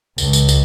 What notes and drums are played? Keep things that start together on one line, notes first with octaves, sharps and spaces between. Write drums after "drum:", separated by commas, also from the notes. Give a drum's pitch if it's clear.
C#2, drum: tambourine
drum: tambourine
drum: tambourine